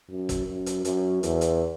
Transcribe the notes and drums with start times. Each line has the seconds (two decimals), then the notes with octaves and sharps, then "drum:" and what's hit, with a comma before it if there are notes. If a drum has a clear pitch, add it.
0.10 F#2
0.29 drum: kick, hi-hat
0.48 F#2
0.66 drum: hi-hat
0.85 F#2, drum: hi-hat
1.23 E2, drum: hi-hat
1.41 drum: hi-hat